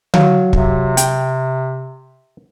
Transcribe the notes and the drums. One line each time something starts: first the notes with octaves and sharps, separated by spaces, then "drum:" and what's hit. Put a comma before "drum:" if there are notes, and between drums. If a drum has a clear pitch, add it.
F#3 F5, drum: tom D3
C3, drum: kick
G5, drum: hi-hat